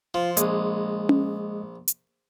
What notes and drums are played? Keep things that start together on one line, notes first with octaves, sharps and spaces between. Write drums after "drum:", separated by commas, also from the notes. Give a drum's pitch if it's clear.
F3 F4
A#1 G#3 D#6, drum: hi-hat
drum: tom C#4
drum: hi-hat